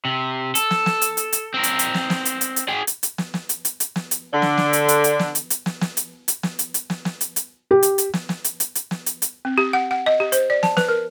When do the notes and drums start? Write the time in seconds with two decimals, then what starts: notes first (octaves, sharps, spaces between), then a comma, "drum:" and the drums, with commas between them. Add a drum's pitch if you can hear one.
0.05 C3
0.55 A4, drum: hi-hat
0.71 drum: snare
0.86 drum: snare
1.02 drum: hi-hat
1.17 drum: hi-hat
1.32 drum: hi-hat
1.54 C4 A#4
1.63 drum: hi-hat
1.79 drum: hi-hat
1.94 drum: snare
2.10 drum: snare
2.25 drum: hi-hat
2.41 drum: hi-hat
2.56 drum: hi-hat
2.68 G#4 G5
2.87 drum: hi-hat
3.03 drum: hi-hat
3.18 drum: snare
3.34 drum: snare
3.49 drum: hi-hat
3.65 drum: hi-hat
3.80 drum: hi-hat
3.96 drum: snare
4.11 drum: hi-hat
4.32 D3
4.42 drum: snare
4.58 drum: snare
4.73 drum: hi-hat
4.88 drum: hi-hat
5.04 drum: hi-hat
5.19 drum: snare
5.35 drum: hi-hat
5.50 drum: hi-hat
5.66 drum: snare
5.81 drum: snare
5.97 drum: hi-hat
6.28 drum: hi-hat
6.43 drum: snare
6.59 drum: hi-hat
6.74 drum: hi-hat
6.90 drum: snare
7.05 drum: snare
7.21 drum: hi-hat
7.36 drum: hi-hat
7.71 G4
7.83 drum: hi-hat
7.98 drum: hi-hat
8.13 drum: snare
8.29 drum: snare
8.44 drum: hi-hat
8.60 drum: hi-hat
8.75 drum: hi-hat
8.91 drum: snare
9.06 drum: hi-hat
9.22 drum: hi-hat
9.45 C4
9.58 G4
9.73 F#5
9.91 F#5
10.06 D#5
10.20 G4
10.32 C5, drum: hi-hat
10.50 D5
10.63 A5, drum: snare
10.77 B4, drum: snare
10.89 A#4